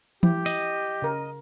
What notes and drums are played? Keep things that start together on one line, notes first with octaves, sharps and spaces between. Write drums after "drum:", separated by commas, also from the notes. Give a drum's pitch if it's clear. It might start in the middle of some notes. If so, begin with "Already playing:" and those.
E4 G4, drum: tom E3
D#5, drum: open hi-hat
C#3 A#4